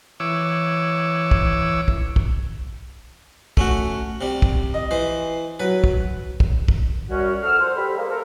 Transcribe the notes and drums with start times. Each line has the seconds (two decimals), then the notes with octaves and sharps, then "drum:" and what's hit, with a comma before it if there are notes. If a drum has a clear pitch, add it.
0.20 E3 C#5 D6 E6
1.31 drum: kick
1.88 drum: kick
2.16 drum: kick
3.57 A3 C#4 F#4, drum: kick
4.21 C3 G3
4.42 drum: kick
4.74 D#5
4.91 E3 C5
5.60 F#3 B4
5.84 drum: kick
6.40 drum: kick
6.68 drum: kick
7.10 F#2 G3 C#4 F#4
7.43 F3 A4 F#5 E6 F6
7.60 C5
7.77 G3 A4 B5
7.96 A#3 G#4 C5
8.10 A4 A#4